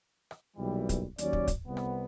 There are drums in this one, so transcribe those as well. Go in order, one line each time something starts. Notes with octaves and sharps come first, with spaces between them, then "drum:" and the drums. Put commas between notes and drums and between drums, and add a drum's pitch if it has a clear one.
drum: rim click
B1 A#2 E3 G3
drum: kick, hi-hat
D#2 F#3 C#4 D5, drum: hi-hat
drum: kick
drum: kick, hi-hat
C2 B3
drum: rim click